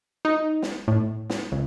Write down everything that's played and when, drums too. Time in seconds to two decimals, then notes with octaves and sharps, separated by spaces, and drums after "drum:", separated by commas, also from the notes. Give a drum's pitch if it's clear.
0.25 D#4
0.62 drum: snare
0.88 A2
1.30 drum: snare
1.52 C#2